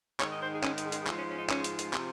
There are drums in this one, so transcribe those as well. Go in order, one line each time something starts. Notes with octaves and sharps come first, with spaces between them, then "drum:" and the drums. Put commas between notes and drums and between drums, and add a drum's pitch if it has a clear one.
G#2 D#3 G#3 C#5, drum: clap
D#5
C5
G#4
C#4, drum: clap
drum: hi-hat
drum: hi-hat
G#2 F3 G#3, drum: clap
C#4
C#4
D#4
C#4, drum: clap
drum: hi-hat
drum: hi-hat
C3 F3, drum: clap